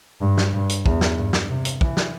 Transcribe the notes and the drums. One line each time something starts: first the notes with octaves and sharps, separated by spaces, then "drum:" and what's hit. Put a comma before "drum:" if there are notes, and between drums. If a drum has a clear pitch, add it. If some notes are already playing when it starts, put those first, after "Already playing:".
G2
drum: snare
G2
drum: hi-hat
E2, drum: kick
drum: snare
G2
drum: snare
C3
drum: hi-hat
E3, drum: kick
drum: snare